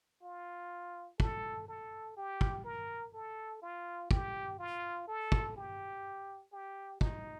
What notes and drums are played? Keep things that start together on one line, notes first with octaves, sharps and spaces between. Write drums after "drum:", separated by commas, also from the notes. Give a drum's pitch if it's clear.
F4
A4, drum: kick
A4
G4
drum: kick
A#4
A4
F4
G4, drum: kick
F4
A4
drum: kick
G4
G4
D#4, drum: kick